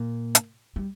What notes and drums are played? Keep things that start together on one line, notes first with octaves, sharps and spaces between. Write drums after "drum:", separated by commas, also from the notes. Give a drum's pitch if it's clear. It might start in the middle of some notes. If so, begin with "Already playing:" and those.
Already playing: A#2
drum: hi-hat
G3